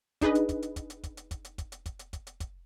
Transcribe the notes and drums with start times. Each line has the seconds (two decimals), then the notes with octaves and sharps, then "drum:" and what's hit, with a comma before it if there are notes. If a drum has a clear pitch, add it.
0.21 D4 D#4 G#4 B4 D#5, drum: kick, hi-hat
0.35 drum: hi-hat
0.49 drum: kick, hi-hat
0.62 drum: hi-hat
0.76 drum: kick, hi-hat
0.90 drum: hi-hat
1.04 drum: kick, hi-hat
1.17 drum: hi-hat
1.31 drum: kick, hi-hat
1.45 drum: hi-hat
1.58 drum: kick, hi-hat
1.72 drum: hi-hat
1.86 drum: kick, hi-hat
1.99 drum: hi-hat
2.13 drum: kick, hi-hat
2.27 drum: hi-hat
2.40 drum: kick, hi-hat